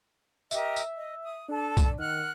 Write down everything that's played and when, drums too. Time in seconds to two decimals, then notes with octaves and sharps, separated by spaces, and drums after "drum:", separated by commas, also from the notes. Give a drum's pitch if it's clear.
0.51 G4 A#4 D#5 E5, drum: tambourine
0.76 drum: tambourine
0.96 D#5
1.22 D#6
1.48 D4 A4
1.77 drum: kick, tambourine
1.99 D#3 F#5 F6 F#6